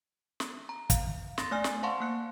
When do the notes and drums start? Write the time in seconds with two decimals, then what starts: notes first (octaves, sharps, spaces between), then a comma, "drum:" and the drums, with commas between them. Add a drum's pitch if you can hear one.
0.40 drum: snare
0.69 A#5
0.90 F5, drum: kick, hi-hat
1.38 C6 A6 A#6, drum: snare
1.51 A3 D5 G#5 F6
1.64 drum: snare
1.83 C5 F5 F#5 A5 C6 C#6
2.00 A#3 F#6 C#7